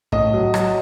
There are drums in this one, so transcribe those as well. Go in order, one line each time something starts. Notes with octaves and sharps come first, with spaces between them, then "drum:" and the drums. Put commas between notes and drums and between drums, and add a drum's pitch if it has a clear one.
A2 D#5, drum: kick
F#3
F#3, drum: rim click